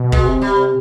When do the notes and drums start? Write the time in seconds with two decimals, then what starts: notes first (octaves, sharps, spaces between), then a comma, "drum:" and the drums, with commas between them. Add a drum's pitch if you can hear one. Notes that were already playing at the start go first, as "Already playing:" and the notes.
Already playing: B2
0.12 G#3, drum: kick
0.26 C3
0.42 G3